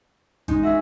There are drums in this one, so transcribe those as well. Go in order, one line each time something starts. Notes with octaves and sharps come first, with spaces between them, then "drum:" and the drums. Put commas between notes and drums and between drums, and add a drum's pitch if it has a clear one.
G#3 D#4, drum: kick G#1, hi-hat
F#4 G#4 E5